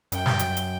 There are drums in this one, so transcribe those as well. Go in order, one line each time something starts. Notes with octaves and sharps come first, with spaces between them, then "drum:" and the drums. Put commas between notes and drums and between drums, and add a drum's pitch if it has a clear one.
F#2 G5, drum: hi-hat
G2, drum: snare
F#2, drum: hi-hat
drum: hi-hat